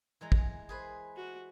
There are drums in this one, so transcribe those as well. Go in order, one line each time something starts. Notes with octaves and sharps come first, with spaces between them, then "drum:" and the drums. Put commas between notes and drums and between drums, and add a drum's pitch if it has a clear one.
E3 G#3 A#5
drum: kick
G#4 B4 C5
F#4